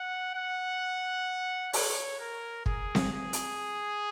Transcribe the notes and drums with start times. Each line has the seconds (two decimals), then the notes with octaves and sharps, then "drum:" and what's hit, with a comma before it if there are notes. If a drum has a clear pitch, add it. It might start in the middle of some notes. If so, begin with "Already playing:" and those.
Already playing: F#5
0.34 F#5
1.73 C#5, drum: open hi-hat
2.20 A#4
2.66 G#4, drum: kick
2.95 drum: snare C4
3.13 G#4
3.33 drum: hi-hat